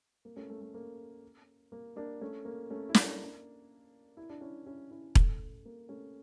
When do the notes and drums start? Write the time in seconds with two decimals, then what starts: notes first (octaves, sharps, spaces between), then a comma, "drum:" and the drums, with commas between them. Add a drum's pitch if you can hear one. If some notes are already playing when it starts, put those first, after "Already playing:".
0.25 A#3
0.36 A3 C#4
0.50 A3
0.61 A3
0.74 A#3
1.72 A#3
1.96 A#3 D4
2.21 A3 C#4
2.45 A#3
2.70 A3 C#4
2.89 E4
2.95 A#3 D4, drum: snare
4.17 E4
4.30 D4
4.41 C#4 E4
4.66 C#4 E4
4.91 C#4 E4
5.15 A3, drum: kick E1
5.65 A#3
5.89 A3 C#4